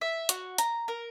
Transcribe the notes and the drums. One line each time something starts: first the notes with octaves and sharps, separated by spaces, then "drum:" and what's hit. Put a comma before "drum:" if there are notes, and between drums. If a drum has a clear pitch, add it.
E5
F#4, drum: hi-hat
A#5, drum: hi-hat
A#4